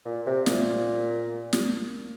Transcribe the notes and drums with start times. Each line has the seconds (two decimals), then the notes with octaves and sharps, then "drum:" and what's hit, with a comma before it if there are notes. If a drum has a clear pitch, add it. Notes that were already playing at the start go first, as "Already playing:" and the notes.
0.05 A#2
0.26 C3
0.46 A#2, drum: snare
1.53 drum: snare